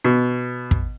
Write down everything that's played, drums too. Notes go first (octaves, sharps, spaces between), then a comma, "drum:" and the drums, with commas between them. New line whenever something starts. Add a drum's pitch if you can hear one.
B2
drum: kick